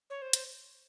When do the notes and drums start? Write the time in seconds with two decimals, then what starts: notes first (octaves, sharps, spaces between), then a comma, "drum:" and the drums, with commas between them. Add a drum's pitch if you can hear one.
0.10 C#5
0.22 C5
0.33 drum: hi-hat